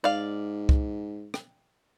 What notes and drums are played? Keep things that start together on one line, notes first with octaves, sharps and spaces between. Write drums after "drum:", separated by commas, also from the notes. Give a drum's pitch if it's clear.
G#2 D5 F5
drum: kick C2
drum: rim click